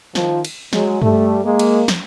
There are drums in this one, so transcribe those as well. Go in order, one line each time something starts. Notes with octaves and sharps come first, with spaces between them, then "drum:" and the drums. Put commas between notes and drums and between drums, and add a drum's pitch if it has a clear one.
D#3 F3, drum: snare
drum: cymbal
F#3 G#3, drum: snare
G3 A3, drum: tom G2
G#3 A#3
drum: cymbal
drum: snare